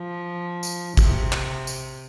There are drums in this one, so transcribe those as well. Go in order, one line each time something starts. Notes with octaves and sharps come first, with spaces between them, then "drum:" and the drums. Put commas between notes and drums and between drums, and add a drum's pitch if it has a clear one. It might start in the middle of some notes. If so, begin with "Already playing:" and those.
Already playing: F3
drum: tambourine
C3, drum: kick, tambourine
drum: clap
drum: tambourine